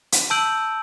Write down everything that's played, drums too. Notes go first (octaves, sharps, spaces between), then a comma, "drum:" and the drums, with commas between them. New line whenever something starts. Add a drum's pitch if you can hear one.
drum: hi-hat
A5 E6 G6 D7 F#7